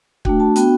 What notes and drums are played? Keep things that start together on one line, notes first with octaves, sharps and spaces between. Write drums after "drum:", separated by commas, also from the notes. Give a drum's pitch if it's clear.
A3 D4 F#4 G5, drum: kick
A5
B3 D4 F#4 G5, drum: hi-hat